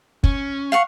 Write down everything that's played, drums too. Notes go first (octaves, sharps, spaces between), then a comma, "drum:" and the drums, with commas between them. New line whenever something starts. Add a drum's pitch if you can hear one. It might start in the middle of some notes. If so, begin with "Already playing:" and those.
C#4, drum: kick
F5 F#5 C#6